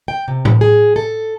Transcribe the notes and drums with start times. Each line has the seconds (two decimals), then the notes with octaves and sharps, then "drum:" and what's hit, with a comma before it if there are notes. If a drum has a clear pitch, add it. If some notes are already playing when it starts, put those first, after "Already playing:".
0.08 G5
0.28 C3
0.45 drum: tom A2
0.61 G#4
0.96 A4